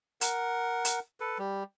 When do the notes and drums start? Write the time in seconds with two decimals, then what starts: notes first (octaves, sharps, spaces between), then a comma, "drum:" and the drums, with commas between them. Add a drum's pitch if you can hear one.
0.21 A#4 F#5, drum: hi-hat
0.85 drum: hi-hat
1.20 A4 B4
1.39 G3